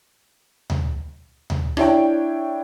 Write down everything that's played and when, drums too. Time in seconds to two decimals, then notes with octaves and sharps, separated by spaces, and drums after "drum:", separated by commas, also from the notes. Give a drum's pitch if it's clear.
0.70 drum: tom D2
1.50 drum: tom D2
1.77 D4 E4 C#5 G5, drum: rim click